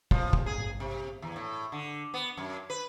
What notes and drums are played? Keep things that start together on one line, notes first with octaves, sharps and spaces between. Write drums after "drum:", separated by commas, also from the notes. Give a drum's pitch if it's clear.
F3, drum: kick
drum: kick
G#4
C3
E2
A2
D3
B3
F#2
B4